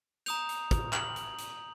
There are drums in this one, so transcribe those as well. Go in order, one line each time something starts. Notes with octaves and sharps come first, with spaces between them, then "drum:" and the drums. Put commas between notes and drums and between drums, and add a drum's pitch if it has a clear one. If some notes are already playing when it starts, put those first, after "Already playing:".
A#5 D#6 G6 F7, drum: hi-hat
drum: hi-hat
drum: kick, hi-hat
F#7, drum: clap
drum: hi-hat
drum: hi-hat